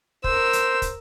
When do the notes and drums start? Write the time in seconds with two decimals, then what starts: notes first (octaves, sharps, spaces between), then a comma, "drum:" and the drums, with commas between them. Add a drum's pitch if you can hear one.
0.24 A#4 C5 E6, drum: kick
0.53 drum: hi-hat
0.82 drum: kick, hi-hat